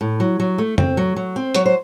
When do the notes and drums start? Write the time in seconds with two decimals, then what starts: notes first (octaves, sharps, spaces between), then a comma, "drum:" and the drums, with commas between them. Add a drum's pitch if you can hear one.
0.01 A2
0.20 F#3
0.40 F#3
0.58 A3
0.78 C4, drum: tom
0.97 F#3
1.16 F#3
1.36 C4
1.55 F#3 C#5, drum: hi-hat
1.66 C5